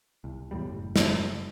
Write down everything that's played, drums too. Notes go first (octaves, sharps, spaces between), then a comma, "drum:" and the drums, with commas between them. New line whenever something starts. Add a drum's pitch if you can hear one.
C2
E2 A2 G3
F#1
drum: snare